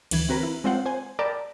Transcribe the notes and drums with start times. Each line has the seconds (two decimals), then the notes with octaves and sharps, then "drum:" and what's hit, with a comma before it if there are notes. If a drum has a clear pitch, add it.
0.11 D2 E3 G#6, drum: cymbal
0.29 C4 F#4 A#4 B4
0.43 E4
0.64 G#3 C4 F4 C5 F#5
0.86 C5 G#5
1.19 A#4 D5 G5 A5 B5 D6